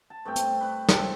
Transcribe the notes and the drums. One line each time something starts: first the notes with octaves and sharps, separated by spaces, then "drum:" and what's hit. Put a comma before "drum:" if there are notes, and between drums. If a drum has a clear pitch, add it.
A5
G2 A3 C4 G5
drum: hi-hat
D4 B4
C4 A4, drum: snare